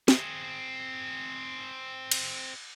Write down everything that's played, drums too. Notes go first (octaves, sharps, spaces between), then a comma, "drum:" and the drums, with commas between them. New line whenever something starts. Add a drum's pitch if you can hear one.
C4 G#4, drum: snare
drum: cymbal